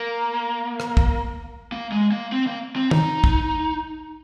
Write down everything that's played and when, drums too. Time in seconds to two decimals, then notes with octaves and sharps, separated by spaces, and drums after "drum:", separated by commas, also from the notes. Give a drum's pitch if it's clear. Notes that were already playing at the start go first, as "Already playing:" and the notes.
Already playing: A#3
0.80 drum: rim click
0.97 drum: kick
1.72 A#3
1.92 G#3
2.12 A#3
2.32 C4
2.47 A#3
2.76 C4
2.91 D#4, drum: tom
3.24 drum: kick